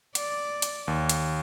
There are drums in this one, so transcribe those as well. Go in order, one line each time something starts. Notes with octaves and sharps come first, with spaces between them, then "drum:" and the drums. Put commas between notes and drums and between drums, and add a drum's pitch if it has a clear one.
D5, drum: hi-hat
drum: hi-hat
D#2
drum: hi-hat